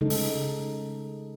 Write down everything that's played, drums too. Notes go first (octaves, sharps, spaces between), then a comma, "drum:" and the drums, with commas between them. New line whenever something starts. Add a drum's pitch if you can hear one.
C#3 G#3 D#4 A4
drum: open hi-hat